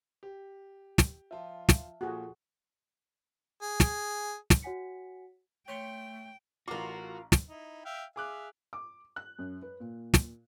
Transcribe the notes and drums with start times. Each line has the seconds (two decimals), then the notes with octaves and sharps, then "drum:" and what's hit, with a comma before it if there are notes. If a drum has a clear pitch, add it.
0.23 G4
0.98 drum: snare
1.31 F3 F4 E5 A5
1.69 drum: snare
2.01 A#2 F3 F4 F#4 G#4 A4
3.62 G#4
3.80 drum: snare
4.50 drum: snare
4.62 F#4 C#5 F#5 G#5 B6 C#7
5.68 A3 C#5 G5 C6 C#6
6.68 A1 F4 F#4 A#4 A#5 D6
7.32 drum: snare
7.48 D#4 E4
7.85 E5 F5 G5
8.16 G#4 E5 F5 D6 F#6
8.73 D6
9.16 F#6
9.39 F#2
9.62 B4
9.80 A#2
10.14 drum: snare